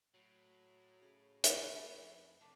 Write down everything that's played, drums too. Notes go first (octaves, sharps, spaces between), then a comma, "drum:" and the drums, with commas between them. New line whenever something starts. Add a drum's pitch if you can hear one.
A2 F#3
C#3
B4 C#6, drum: hi-hat
F2
B1 C3 A3 D4